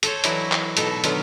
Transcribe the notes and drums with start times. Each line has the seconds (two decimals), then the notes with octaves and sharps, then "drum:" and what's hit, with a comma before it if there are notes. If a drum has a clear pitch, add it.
0.03 A4 C5 C#5, drum: hi-hat
0.24 E3 F#3 E4 D5 D#5, drum: hi-hat
0.52 drum: clap
0.77 B2 D#4 A4, drum: hi-hat
1.04 D3 D#3 F#3 B3 F4 B4, drum: hi-hat